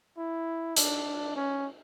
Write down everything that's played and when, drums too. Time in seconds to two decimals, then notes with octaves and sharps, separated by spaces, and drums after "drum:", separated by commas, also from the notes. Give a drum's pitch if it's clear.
0.18 E4
0.77 D4, drum: hi-hat
1.36 C#4